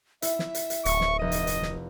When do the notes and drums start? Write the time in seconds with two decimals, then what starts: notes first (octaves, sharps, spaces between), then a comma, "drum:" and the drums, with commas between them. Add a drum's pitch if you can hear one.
0.22 E4 E5, drum: hi-hat
0.39 drum: snare
0.55 drum: hi-hat
0.70 drum: hi-hat
0.85 D1 C#6, drum: hi-hat
1.01 drum: snare
1.19 F1 D#5 D#7
1.32 drum: hi-hat
1.47 drum: hi-hat
1.62 drum: snare